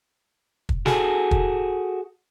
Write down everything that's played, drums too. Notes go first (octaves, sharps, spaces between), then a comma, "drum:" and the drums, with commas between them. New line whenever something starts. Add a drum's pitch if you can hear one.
drum: kick
F#4 G#4 A4, drum: snare
drum: kick